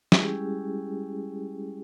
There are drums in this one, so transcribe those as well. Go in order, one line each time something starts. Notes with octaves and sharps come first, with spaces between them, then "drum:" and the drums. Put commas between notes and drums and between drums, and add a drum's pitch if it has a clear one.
G3 G#3 C#4 E4 G4 G#4, drum: snare